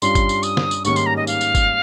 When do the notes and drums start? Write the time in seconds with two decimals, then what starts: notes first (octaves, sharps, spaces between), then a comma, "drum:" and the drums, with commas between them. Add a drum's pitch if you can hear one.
0.02 G2 G3 C#4 F4 C6, drum: tambourine
0.15 drum: kick G1, tambourine
0.29 drum: tambourine
0.43 D#6, drum: tambourine
0.57 drum: snare
0.71 drum: tambourine
0.85 G#2 D#3 G3 A#3 C#4 C#6, drum: tambourine
0.96 C6, drum: tambourine
1.06 A#5
1.16 D#5
1.27 F5, drum: tambourine
1.41 drum: tambourine
1.55 drum: kick G1, tambourine